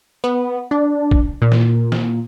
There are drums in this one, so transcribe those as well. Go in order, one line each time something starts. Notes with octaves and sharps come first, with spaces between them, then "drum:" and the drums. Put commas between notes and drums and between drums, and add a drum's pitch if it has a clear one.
B3
D4
drum: kick
A#2
drum: snare
drum: snare